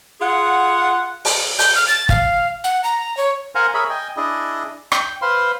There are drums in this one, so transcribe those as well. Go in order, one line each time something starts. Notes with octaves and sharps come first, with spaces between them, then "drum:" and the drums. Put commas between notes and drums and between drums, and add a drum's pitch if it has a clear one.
F4 G#4 F#5
drum: open hi-hat
G6, drum: open hi-hat
F6
A6
F5, drum: kick
F#5
A#5
C#5
A#4 C5 F5 F#5 G#5 A#5
G#4 A#4 C#5 E5 B5
D#5 G5 G#5
D4 E4 G#4 D#5
G5, drum: rim click
B4 C5 F5 C6